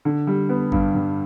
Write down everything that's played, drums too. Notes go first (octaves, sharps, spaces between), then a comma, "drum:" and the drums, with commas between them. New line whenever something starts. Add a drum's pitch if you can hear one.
D3
G3
B3
G2, drum: kick G#1
G2